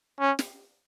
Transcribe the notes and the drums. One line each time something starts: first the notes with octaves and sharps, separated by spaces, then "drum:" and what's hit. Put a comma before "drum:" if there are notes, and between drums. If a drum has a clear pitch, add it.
C#4
drum: snare